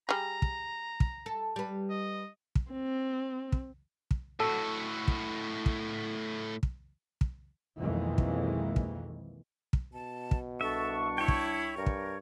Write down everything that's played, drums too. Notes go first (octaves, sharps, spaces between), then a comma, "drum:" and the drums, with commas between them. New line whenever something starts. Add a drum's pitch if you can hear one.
G3 G#4 A#5
drum: kick
drum: kick
A4
G3 B4
D#5
drum: kick
C4
drum: kick
drum: kick
A2 F#4 A4
drum: kick
drum: kick
drum: kick
drum: kick
B1 F2 D#3 E3 G#3 A#3
drum: kick
drum: kick
drum: kick
B2 A5
drum: kick
C2 D4 A4 E5 C#6
E4 C#5 G5
drum: kick
G2 A#4
drum: kick